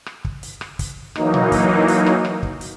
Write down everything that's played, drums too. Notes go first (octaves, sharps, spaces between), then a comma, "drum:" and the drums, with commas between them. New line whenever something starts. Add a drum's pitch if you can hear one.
drum: rim click
drum: kick
drum: hi-hat
drum: rim click
drum: kick, hi-hat
E3 F#3 A#3 D#4, drum: rim click
drum: tom A#2
drum: kick, hi-hat
drum: hi-hat
drum: rim click
drum: rim click
drum: kick
drum: hi-hat